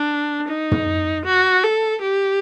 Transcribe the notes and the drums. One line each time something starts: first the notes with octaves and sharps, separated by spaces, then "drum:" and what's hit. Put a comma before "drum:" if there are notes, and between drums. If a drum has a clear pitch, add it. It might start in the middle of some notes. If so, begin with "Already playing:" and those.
Already playing: D4
D#4
drum: tom
F#4
A4
G4